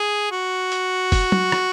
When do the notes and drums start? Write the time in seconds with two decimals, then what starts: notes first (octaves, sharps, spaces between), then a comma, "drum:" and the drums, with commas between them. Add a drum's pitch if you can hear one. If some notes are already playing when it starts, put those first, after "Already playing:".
Already playing: G#4
0.31 F#4
0.72 drum: hi-hat
1.12 drum: kick, open hi-hat
1.32 drum: tom
1.52 drum: rim click